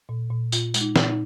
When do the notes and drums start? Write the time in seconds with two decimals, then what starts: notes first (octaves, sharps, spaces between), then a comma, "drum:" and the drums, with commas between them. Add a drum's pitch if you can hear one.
0.09 A#2
0.30 A#2
0.52 A#2 F4, drum: tambourine
0.74 G#3, drum: tambourine
0.81 D#4
0.96 A#2, drum: snare
1.10 D#4